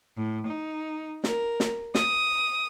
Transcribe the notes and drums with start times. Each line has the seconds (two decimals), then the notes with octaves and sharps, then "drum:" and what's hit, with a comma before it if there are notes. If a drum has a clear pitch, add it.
0.16 A2
0.47 D#4
1.24 A#4, drum: snare
1.60 drum: snare
1.95 D#6, drum: snare